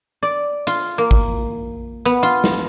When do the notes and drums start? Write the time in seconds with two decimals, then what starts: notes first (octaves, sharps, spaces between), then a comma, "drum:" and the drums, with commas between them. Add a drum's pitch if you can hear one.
0.23 D5
0.67 F4, drum: hi-hat
0.98 A#3
1.11 drum: kick G#1
2.05 B3
2.23 F4
2.44 drum: snare